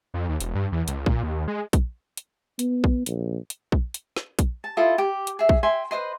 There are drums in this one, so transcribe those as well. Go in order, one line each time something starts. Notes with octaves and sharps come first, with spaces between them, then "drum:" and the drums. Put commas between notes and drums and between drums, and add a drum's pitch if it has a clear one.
F2
D#2
E1, drum: hi-hat
G2
E2
C#2, drum: hi-hat
A#2, drum: kick A#1
D#2
G#3
drum: kick A#1, hi-hat
drum: hi-hat
B3, drum: hi-hat
drum: kick A#1
A#1, drum: hi-hat
drum: hi-hat
drum: kick A#1
drum: hi-hat
drum: snare
drum: kick A#1, hi-hat
A5
E4 F4 A4 D#5
G4
drum: hi-hat
G#4 E5
drum: kick A#1
E5 G5 G#5 C6
B4 C5 D#5 C6